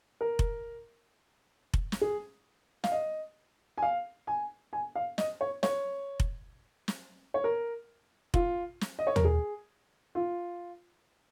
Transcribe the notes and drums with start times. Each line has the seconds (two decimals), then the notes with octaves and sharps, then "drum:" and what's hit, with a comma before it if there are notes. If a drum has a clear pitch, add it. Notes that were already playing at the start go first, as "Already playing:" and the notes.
0.21 A#4
0.39 drum: kick F1
1.74 drum: kick F1
1.92 drum: snare
2.01 G#4
2.84 F5, drum: snare
2.92 D#5
3.78 G#5
3.82 F5
4.27 G#5
4.73 G#5
4.95 F5
5.18 D#5, drum: snare
5.41 C#5
5.63 C#5, drum: snare
6.20 drum: kick F1
6.88 drum: snare
7.34 C#5
7.44 A#4
8.34 F4, drum: kick F1
8.81 drum: snare
8.99 D#5
9.07 C#5
9.16 A#4, drum: tom
9.25 G#4
10.15 F4